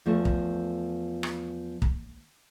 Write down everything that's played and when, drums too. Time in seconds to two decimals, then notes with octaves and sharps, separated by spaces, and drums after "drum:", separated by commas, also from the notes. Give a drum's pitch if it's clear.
0.06 E2 F3 A3
0.25 drum: kick
1.23 drum: rim click
1.82 drum: kick